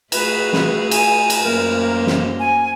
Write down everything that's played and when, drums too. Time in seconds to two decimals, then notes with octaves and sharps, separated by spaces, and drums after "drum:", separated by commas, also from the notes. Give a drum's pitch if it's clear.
0.12 A3 F#4 G#4 B4, drum: cymbal
0.53 drum: snare
0.91 G#5, drum: cymbal
1.30 drum: cymbal
1.43 F#2 A#3 A#4 C5
2.07 drum: snare
2.40 G#5